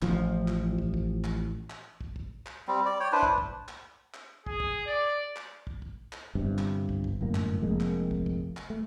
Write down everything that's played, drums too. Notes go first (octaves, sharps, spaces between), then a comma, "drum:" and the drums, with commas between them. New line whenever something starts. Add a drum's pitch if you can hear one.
A1 F3, drum: clap
drum: clap
drum: kick
drum: kick
drum: clap
drum: clap
drum: kick
drum: kick
drum: clap
G3 C4
D5
C#5 G5
D4 E4 B4 C5
drum: kick
drum: kick
drum: clap
drum: clap
G#4, drum: kick
drum: kick
D5
drum: clap
drum: kick
drum: kick
drum: clap
G1 G2 C3
drum: clap
drum: kick
drum: kick
G1 F#2 A2 A#3
drum: clap
F1 F2 G#3 A#3
drum: clap
drum: kick
drum: kick
drum: clap
A3